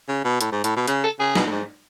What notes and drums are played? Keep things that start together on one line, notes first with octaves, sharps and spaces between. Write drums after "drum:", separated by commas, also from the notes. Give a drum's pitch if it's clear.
C#3
B2
A2, drum: hi-hat
G#2
A2, drum: hi-hat
B2
C#3 G#4, drum: hi-hat
A4
C#3 G#4
B2, drum: snare
A2
G#2